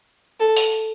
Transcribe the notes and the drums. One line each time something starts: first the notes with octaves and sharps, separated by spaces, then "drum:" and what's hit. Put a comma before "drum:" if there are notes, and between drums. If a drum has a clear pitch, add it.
A4
drum: open hi-hat